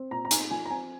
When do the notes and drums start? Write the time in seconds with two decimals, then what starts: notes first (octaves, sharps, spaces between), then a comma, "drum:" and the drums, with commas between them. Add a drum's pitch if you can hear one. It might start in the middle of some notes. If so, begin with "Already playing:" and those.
Already playing: C4
0.11 A#2 A#5
0.25 A#5
0.31 D#4 G#5, drum: hi-hat
0.51 F3 G#5
0.65 A#5
0.70 C4 G#5